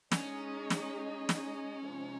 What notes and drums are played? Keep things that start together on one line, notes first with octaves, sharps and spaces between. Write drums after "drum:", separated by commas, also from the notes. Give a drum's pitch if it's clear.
G#3 C#4 D#4 G#4 D#5, drum: snare
drum: snare
drum: snare
C3 F3 G#3 C4 D#4